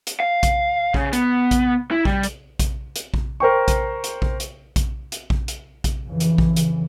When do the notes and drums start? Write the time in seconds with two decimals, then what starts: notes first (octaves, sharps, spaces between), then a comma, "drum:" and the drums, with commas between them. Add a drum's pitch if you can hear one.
0.07 drum: hi-hat
0.20 F5
0.43 drum: kick A#1, hi-hat
0.94 C#3, drum: kick A#1
1.13 B3, drum: hi-hat
1.51 drum: kick A#1, hi-hat
1.91 E4
2.05 G3, drum: kick A#1
2.23 drum: hi-hat
2.59 drum: kick A#1, hi-hat
2.96 drum: hi-hat
3.14 drum: kick A#1
3.40 A#4 C5 G5 C#6
3.68 drum: kick A#1, hi-hat
4.04 drum: hi-hat
4.22 drum: kick A#1
4.40 drum: hi-hat
4.76 drum: kick A#1, hi-hat
5.12 drum: hi-hat
5.30 drum: kick A#1
5.48 drum: hi-hat
5.84 drum: kick A#1, hi-hat
6.02 F2 C#3 E3
6.20 drum: hi-hat
6.38 drum: kick A#1
6.56 drum: hi-hat